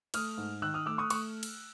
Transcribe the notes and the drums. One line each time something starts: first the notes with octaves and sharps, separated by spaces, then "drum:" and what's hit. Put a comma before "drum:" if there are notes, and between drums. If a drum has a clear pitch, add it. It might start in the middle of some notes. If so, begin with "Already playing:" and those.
A3 D#6 F6, drum: cymbal
G#2
D#3 E6 F#6
D#6 F6
A3 D6 E6
C#6 D#6
A3 C#6 D#6, drum: cymbal
drum: cymbal